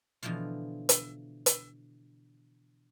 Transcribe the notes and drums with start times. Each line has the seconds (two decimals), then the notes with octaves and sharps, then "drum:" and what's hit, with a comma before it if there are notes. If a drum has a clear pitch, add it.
0.23 B2 D3 E3 F3 F4
0.89 drum: hi-hat
1.46 drum: hi-hat